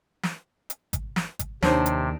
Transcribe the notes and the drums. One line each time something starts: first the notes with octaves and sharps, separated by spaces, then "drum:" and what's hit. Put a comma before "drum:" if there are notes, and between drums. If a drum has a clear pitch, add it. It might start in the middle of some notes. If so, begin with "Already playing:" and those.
drum: snare
drum: hi-hat
drum: kick G#1, hi-hat
drum: snare
drum: kick G#1, hi-hat
D#2 C3 D4 D#4 C5 C#5, drum: snare
drum: hi-hat